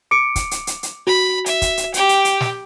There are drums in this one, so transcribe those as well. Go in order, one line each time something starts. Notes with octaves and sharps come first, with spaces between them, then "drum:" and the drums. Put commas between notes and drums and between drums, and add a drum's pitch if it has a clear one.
D6 C#7 D7
drum: kick, hi-hat
drum: hi-hat
drum: hi-hat
drum: hi-hat
F#4 B5
E5, drum: hi-hat
drum: kick, hi-hat
drum: hi-hat
G4 G5, drum: hi-hat
drum: hi-hat
drum: hi-hat
drum: snare